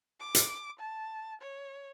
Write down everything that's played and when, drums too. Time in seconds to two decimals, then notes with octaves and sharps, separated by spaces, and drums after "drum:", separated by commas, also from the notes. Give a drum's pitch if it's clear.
0.20 D6
0.35 drum: hi-hat
0.79 A5
1.41 C#5